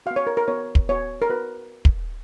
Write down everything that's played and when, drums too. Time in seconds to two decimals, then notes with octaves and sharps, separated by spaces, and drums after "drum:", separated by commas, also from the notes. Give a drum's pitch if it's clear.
0.06 B3 F#4 F5
0.16 C#5
0.27 A#4
0.37 A#4
0.48 B3 F#4 C#5
0.75 drum: kick
0.89 B3 F#4 C#5
1.22 A#4
1.29 B3 F#4 B4
1.85 drum: kick